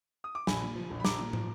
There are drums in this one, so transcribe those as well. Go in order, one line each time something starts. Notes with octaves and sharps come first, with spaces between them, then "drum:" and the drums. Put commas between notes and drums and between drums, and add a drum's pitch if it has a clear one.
D#6
D6
A#1 G#5 B5, drum: snare
A#2
F3
A#1
B5
A#1 A#5 D6, drum: snare
A#2
F3, drum: tom